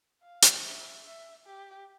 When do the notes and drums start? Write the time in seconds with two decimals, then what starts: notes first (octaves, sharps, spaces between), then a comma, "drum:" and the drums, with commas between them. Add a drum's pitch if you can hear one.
0.23 F5
0.42 drum: hi-hat
0.64 E5
1.05 E5
1.46 G4